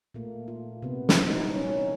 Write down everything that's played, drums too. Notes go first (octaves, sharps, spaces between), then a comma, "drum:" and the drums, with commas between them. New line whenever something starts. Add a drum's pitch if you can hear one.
A#2 A3 A#3
F4
C3 B3
drum: snare
D2 E3 F#3 D#4
F#2 G3 C#4 C#5